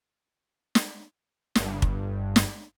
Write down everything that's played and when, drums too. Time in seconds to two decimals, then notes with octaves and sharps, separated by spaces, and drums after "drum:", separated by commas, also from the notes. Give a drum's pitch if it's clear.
0.75 drum: snare
1.55 G1 G2, drum: snare
1.82 drum: kick
2.36 drum: snare